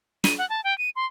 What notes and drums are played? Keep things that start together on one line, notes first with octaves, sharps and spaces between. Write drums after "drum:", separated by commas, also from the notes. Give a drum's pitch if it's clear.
D#7, drum: snare
F#5
A5
G5
D#7
C6